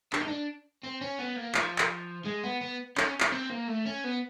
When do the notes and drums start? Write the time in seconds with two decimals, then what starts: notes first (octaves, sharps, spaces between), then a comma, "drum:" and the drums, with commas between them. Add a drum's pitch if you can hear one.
0.13 D4, drum: clap
0.21 D#4
0.28 D4
0.83 C4
1.01 C#4
1.19 B3
1.36 A#3
1.55 F3, drum: clap
1.78 drum: clap
2.26 G#3
2.44 B3
2.62 B3
2.97 C#4, drum: clap
3.20 drum: clap
3.32 C4
3.50 A#3
3.67 A3
3.85 C#4
4.04 B3